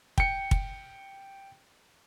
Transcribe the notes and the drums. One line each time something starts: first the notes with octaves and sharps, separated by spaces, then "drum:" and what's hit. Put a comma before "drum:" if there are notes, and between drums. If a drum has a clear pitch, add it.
G5 C#7, drum: kick
drum: kick